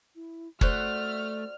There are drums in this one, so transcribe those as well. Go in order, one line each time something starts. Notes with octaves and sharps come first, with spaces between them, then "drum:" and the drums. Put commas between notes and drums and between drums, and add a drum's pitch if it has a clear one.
E4
A3 F#4 C5 D5 F6 F#6, drum: kick